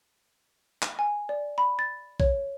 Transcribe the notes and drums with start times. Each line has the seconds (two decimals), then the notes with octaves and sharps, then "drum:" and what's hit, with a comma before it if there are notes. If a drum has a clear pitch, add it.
0.82 drum: clap
0.99 G#5
1.29 D5
1.58 B5
1.79 A6
2.20 C#5, drum: kick A#1